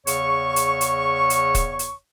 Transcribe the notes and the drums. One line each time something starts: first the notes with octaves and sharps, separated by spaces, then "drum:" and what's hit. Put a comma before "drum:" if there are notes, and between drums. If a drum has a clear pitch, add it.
E2 C#3 C#5 C#6, drum: hi-hat
drum: hi-hat
drum: hi-hat
drum: hi-hat
drum: kick, hi-hat
drum: hi-hat